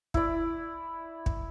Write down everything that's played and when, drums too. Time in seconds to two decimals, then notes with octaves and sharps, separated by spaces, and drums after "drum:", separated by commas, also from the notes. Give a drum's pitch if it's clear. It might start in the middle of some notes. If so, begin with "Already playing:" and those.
0.14 E4 D5, drum: kick
1.26 drum: kick